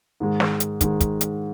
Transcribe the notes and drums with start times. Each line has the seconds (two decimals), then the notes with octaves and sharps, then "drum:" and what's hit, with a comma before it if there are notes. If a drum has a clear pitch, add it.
0.20 G#2 D#3 G#3
0.40 drum: snare
0.60 drum: hi-hat
0.81 G#2 D#3 G#3, drum: kick, hi-hat
1.01 drum: kick, hi-hat
1.21 drum: hi-hat